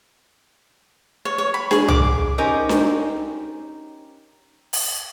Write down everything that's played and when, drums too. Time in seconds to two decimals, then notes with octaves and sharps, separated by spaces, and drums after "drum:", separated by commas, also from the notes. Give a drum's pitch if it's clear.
1.25 C#5
1.38 C#5
1.54 B5
1.71 G#4, drum: snare D4
1.88 D6, drum: tom C2
2.38 C#4 D#4 G4 A#4 C5 D#5
2.69 drum: snare D4
4.73 drum: open hi-hat